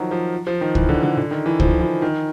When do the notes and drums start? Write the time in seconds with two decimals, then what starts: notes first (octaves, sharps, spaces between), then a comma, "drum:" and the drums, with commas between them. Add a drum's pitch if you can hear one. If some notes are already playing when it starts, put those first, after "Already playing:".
Already playing: D#3 F3 F#3
0.11 F3
0.47 F3
0.61 D#3
0.75 E3, drum: kick
0.89 D3
1.03 D3
1.17 D3
1.31 D#3
1.46 E3
1.60 F3, drum: kick
1.81 E3
2.02 D#3